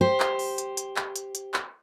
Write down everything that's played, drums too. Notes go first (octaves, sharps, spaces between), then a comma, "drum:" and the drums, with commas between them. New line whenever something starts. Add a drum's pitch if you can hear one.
G4 C5
drum: clap
drum: open hi-hat
drum: hi-hat
drum: hi-hat
drum: clap
drum: hi-hat
drum: hi-hat
drum: clap